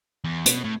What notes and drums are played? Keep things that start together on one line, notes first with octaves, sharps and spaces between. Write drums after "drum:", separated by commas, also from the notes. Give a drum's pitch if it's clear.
E2
B2, drum: hi-hat
A2